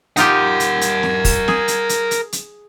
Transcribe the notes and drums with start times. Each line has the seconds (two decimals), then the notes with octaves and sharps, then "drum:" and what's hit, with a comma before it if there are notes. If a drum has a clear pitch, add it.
0.17 D#4 F4 G4 A#4 F#5, drum: hi-hat
0.60 drum: hi-hat
0.81 drum: hi-hat
1.03 drum: snare
1.25 drum: kick, open hi-hat
1.48 G#4, drum: snare
1.68 drum: hi-hat
1.89 drum: hi-hat
2.11 drum: hi-hat
2.32 drum: hi-hat